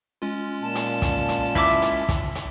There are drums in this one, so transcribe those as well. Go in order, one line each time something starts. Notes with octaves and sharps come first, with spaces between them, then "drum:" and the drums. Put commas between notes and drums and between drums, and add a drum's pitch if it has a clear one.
G#3 C#4 F4
A#2 A5
drum: hi-hat
drum: kick, hi-hat
drum: hi-hat
E4 E5 D6, drum: kick, hi-hat
drum: hi-hat
drum: kick, hi-hat
drum: hi-hat